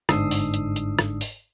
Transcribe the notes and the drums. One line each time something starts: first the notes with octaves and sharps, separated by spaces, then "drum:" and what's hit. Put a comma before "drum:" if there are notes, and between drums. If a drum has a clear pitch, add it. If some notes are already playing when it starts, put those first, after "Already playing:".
G1 G#2 D4 D#6 E6 C7, drum: rim click
drum: open hi-hat
drum: hi-hat
drum: hi-hat
drum: rim click
drum: open hi-hat